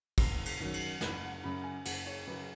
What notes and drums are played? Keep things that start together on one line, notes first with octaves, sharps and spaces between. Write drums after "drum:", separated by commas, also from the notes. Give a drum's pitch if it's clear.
F#1, drum: kick, cymbal
drum: cymbal
F#2 D#3 F#3
drum: cymbal
F#1 B5, drum: snare
F#5
F#2 C#3 B5
G#5
F#1 F#5, drum: cymbal
C#5
F#2 C#3 B4